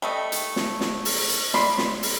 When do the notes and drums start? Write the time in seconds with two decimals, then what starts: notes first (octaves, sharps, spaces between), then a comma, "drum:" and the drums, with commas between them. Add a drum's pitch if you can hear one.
0.02 G3 A3 D#5
0.32 drum: hi-hat
0.56 drum: snare
0.81 drum: snare
1.05 drum: open hi-hat
1.29 drum: hi-hat
1.54 D5 B5 C6, drum: snare
1.78 drum: snare
2.03 drum: open hi-hat